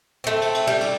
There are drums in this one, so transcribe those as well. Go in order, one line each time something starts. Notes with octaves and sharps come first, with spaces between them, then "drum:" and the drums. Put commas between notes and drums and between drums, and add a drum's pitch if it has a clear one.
A3 C4
drum: cymbal
drum: cymbal
G3, drum: cymbal
drum: cymbal